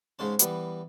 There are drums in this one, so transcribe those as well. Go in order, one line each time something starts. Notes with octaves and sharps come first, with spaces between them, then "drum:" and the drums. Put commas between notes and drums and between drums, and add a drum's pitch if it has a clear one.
G#2 C#3 G#3 C#4 A5
E3 G3 B3, drum: hi-hat